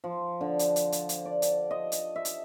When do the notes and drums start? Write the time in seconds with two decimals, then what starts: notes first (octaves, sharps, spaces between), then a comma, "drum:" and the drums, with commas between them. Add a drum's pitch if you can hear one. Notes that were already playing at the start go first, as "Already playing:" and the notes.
0.04 F3
0.41 D3
0.59 drum: hi-hat
0.76 drum: hi-hat
0.92 drum: hi-hat
1.09 drum: hi-hat
1.25 D5
1.42 drum: hi-hat
1.71 D#5
1.92 drum: hi-hat
2.16 E5
2.25 drum: hi-hat